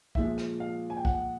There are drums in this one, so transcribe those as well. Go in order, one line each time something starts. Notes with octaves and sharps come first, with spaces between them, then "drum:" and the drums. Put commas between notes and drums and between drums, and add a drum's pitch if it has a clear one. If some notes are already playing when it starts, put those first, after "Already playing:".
A#2 F3 G#3 E5, drum: kick
drum: rim click
F5
G#5
G5
F#5, drum: kick